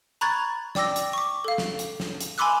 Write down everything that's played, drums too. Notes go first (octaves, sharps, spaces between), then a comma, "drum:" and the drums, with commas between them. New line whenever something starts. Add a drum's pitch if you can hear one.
A#5 B5 C#6 F#6 G#6 A6
D5 G5 D6 E6 A#6, drum: snare
drum: hi-hat
C#6 D6
A4 F5
drum: snare
drum: hi-hat
drum: snare
drum: hi-hat
G#5 B5 C6 D6 E6 F#6